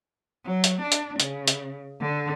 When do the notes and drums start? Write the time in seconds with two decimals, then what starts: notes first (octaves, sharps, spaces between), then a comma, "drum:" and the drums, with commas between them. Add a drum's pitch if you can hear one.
0.45 F#3
0.64 drum: hi-hat
0.81 D4
0.92 drum: hi-hat
1.20 C#3, drum: hi-hat
1.48 drum: hi-hat
2.00 D3